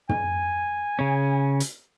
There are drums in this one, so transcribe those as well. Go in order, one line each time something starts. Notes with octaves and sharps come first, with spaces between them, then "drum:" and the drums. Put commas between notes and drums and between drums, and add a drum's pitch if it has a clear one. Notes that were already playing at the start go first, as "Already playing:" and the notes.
G#5, drum: tom
C#3 C#4
drum: hi-hat